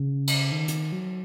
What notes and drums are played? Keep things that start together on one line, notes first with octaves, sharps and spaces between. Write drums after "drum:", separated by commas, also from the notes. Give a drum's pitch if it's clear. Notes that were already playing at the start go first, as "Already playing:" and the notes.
Already playing: C#3
drum: cymbal
D#3
drum: hi-hat
F#3